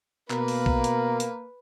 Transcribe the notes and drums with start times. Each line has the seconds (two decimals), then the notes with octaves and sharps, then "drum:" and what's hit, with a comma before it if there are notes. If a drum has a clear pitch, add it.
0.30 B2 A#3 A#4 B4, drum: clap
0.48 drum: open hi-hat
0.66 drum: kick A#1
0.84 drum: hi-hat
1.20 drum: hi-hat